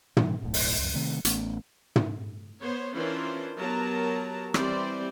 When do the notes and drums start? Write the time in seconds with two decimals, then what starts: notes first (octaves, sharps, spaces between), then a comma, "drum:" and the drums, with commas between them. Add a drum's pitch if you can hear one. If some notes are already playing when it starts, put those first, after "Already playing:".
0.17 B2 E3 G3, drum: tom
0.43 D1 B1 A2
0.54 drum: open hi-hat
0.78 C#2 F#2
0.94 C3 D#3 A3 C4
1.25 A1 A3 B3 C#4, drum: hi-hat
1.96 drum: tom
2.61 B3 C5 C#5
2.96 E3 C#4 D4 F4 A#4 C5
3.58 F#3 B3 G4 A#4 A5 A#5
4.54 E3 G3 C4 C5 D5, drum: rim click